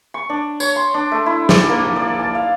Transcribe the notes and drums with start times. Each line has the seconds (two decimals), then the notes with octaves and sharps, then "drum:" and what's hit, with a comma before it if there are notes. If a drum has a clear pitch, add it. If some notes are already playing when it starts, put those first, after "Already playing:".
0.14 C#6
0.30 D4
0.60 C#5, drum: tambourine
0.76 C6
0.94 D4
1.12 A3
1.26 E4
1.49 D5, drum: snare
1.69 A#3
1.96 D5
2.19 A5
2.35 F5